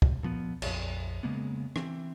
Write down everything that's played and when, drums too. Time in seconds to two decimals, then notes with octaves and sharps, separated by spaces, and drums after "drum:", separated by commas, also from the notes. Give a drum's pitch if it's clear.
0.02 drum: kick
0.23 A#2 F3 B3
0.62 A#1 F2, drum: cymbal
1.23 C#3 G#3 A#3 B3
1.76 E3 C4, drum: rim click